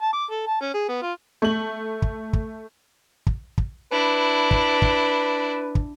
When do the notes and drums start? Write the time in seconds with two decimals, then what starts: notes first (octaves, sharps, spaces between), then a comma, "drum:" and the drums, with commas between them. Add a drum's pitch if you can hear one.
0.02 A5
0.13 D6
0.31 A4
0.47 A5
0.61 C#4
0.74 G#4
0.89 B3
1.02 F4
1.42 A3 F#7
2.02 drum: kick
2.33 drum: kick
3.27 drum: kick
3.58 drum: kick
3.91 D4 E4 B4
4.51 drum: kick
4.82 drum: kick
5.75 drum: kick